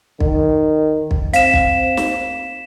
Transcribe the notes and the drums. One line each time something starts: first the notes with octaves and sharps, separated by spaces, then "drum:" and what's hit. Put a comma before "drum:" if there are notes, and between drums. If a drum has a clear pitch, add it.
D#3, drum: kick
drum: kick
C4 F5 B6 E7, drum: hi-hat
drum: kick
drum: snare